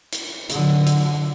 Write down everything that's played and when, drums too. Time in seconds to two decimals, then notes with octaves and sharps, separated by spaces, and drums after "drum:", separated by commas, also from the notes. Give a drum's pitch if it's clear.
0.13 drum: hi-hat
0.50 D3 F#3, drum: hi-hat
0.87 drum: hi-hat